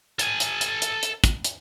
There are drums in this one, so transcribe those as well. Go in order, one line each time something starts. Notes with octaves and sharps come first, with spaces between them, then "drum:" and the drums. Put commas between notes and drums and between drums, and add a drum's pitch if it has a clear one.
A4 G#5, drum: hi-hat
drum: hi-hat
drum: hi-hat
drum: hi-hat
drum: hi-hat
drum: kick, hi-hat
drum: hi-hat